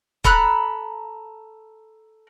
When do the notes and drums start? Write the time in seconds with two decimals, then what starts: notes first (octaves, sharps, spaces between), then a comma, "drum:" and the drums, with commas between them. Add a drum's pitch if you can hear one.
0.24 A4 A#5 B5 F#6, drum: kick